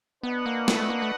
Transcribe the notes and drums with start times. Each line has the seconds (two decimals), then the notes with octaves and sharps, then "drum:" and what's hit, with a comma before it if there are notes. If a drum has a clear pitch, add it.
0.23 B3 D4 F#4 B4 D#5 F#5
0.46 A#3
0.68 A3, drum: snare
0.90 A#3
1.02 A3